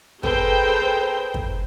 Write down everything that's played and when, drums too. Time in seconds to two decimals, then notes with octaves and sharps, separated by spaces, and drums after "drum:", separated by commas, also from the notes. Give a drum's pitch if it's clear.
0.23 G#4 A4 B4 C5 G5 A#5, drum: kick
1.34 drum: kick